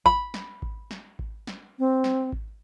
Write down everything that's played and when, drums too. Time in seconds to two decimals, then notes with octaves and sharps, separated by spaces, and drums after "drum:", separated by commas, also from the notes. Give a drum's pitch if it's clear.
0.06 B5, drum: kick G#1
0.34 drum: snare
0.62 drum: kick G#1
0.91 drum: snare
1.19 drum: kick G#1
1.47 drum: snare
1.79 C4
2.04 drum: snare
2.32 drum: kick G#1